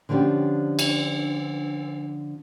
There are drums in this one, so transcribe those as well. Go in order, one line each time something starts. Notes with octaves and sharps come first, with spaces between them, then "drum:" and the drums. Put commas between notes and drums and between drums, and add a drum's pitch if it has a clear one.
D3 F3 C#4 D4 G4
drum: cymbal